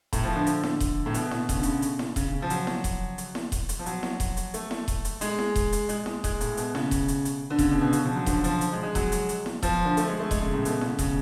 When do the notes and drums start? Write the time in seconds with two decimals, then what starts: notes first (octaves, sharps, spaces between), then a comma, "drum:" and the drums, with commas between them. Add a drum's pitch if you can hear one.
0.13 A2, drum: kick D#1, hi-hat
0.23 F3
0.36 D3
0.46 drum: hi-hat
0.63 drum: snare E4
0.80 drum: kick D#1, hi-hat
1.06 A2
1.14 B2, drum: hi-hat
1.31 drum: snare E4
1.49 C#3, drum: kick D#1, hi-hat
1.56 D3
1.63 C#3, drum: hi-hat
1.82 drum: hi-hat
1.99 drum: snare E4
2.16 C#3, drum: kick D#1, hi-hat
2.28 C#3
2.42 F3
2.50 F#3, drum: hi-hat
2.67 drum: snare E4
2.84 drum: kick D#1, hi-hat
3.18 drum: hi-hat
3.35 drum: snare E4
3.52 drum: kick D#1, hi-hat
3.69 drum: hi-hat
3.79 F3
3.86 F#3, drum: hi-hat
4.03 drum: snare E4
4.20 drum: kick D#1, hi-hat
4.37 drum: hi-hat
4.54 A3, drum: hi-hat
4.71 drum: snare E4
4.88 drum: kick D#1, hi-hat
5.05 drum: hi-hat
5.21 G#3, drum: hi-hat
5.39 drum: snare E4
5.56 drum: kick D#1, hi-hat
5.72 drum: hi-hat
5.89 G#3, drum: hi-hat
6.06 G#3, drum: snare E4
6.24 G#3, drum: kick D#1, hi-hat
6.41 A2, drum: hi-hat
6.57 B2, drum: hi-hat
6.75 C#3, drum: snare E4
6.91 drum: kick D#1, hi-hat
7.08 drum: hi-hat
7.25 drum: hi-hat
7.50 D3
7.59 C#3, drum: kick D#1, hi-hat
7.71 B2
7.81 B2
7.93 C#3, drum: hi-hat
8.05 F3
8.16 F#3
8.26 D3, drum: kick D#1, hi-hat
8.44 F3, drum: hi-hat
8.61 drum: hi-hat
8.73 G#3
8.83 G#3
8.95 F#3, drum: kick D#1, hi-hat
9.12 drum: hi-hat
9.29 drum: hi-hat
9.46 drum: snare E4
9.63 F3, drum: kick D#1, hi-hat
9.85 D3
9.97 A3, drum: hi-hat
10.08 G#3
10.20 A3
10.31 G#3, drum: kick D#1, hi-hat
10.42 C#3
10.54 A2
10.65 B2, drum: hi-hat
10.81 C#3, drum: snare E4
10.99 C#3, drum: kick D#1, hi-hat